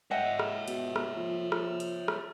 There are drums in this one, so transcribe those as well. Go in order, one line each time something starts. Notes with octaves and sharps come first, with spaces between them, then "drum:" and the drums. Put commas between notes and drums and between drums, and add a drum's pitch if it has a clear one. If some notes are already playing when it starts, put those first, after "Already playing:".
C#5 D#5 E5 F#5 G5
drum: rim click
B2, drum: hi-hat
drum: rim click
F3
drum: rim click
drum: hi-hat
drum: rim click